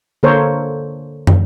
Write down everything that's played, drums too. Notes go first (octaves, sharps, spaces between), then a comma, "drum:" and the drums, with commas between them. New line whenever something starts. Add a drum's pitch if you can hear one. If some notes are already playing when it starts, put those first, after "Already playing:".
D3 A#3 A4 A#4 C5 C#5
drum: tom